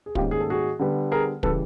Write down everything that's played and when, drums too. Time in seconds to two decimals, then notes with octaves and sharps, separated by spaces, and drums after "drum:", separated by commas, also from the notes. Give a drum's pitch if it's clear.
0.06 G#4
0.15 G#2 D#3 G3 A#3 C#4 F4 G4, drum: kick
0.31 G#4
0.40 A4
0.50 F#4 G#4
0.79 D3 G3 B3
1.12 G#4 A#4
1.43 C#3 E3 G3 A4 B4, drum: kick